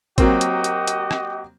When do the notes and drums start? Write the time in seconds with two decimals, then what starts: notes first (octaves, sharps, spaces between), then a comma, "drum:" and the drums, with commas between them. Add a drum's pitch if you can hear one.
0.18 F#3 A#3 C4 F#4 G4 D#5, drum: kick, hi-hat
0.41 drum: hi-hat
0.64 drum: hi-hat
0.87 drum: hi-hat
1.11 drum: rim click